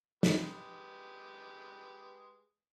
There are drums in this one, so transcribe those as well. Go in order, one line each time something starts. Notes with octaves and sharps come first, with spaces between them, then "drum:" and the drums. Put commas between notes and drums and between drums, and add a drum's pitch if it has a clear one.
G#3 G4 B4, drum: snare